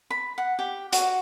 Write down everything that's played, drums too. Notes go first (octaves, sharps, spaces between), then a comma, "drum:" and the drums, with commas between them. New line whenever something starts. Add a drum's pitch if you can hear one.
B5
F#5
G4
F#4, drum: hi-hat